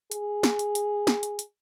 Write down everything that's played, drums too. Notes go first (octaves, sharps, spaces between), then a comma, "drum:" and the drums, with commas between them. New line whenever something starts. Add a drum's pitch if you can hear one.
G#4, drum: hi-hat
drum: snare
drum: hi-hat
drum: hi-hat
drum: snare
drum: hi-hat
drum: hi-hat